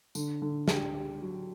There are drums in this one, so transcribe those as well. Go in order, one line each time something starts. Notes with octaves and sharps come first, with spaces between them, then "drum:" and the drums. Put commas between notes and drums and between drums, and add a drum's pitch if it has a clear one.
D3, drum: tambourine
D3
G4, drum: snare
G4
F#3